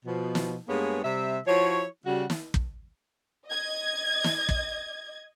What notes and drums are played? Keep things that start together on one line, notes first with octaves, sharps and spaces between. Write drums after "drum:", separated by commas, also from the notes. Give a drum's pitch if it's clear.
B2 F3
drum: snare
G2 G#3 A#3 B3 G#4 C#5
C3 G3 E5
F3 E4 F#4 C#5
C#3 G3 F#4
drum: snare
drum: kick
D#5 G#6
drum: snare
drum: kick